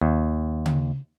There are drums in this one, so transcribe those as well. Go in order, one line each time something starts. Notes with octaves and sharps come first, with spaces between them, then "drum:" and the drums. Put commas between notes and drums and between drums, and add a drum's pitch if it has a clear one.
D#2
drum: tom C#3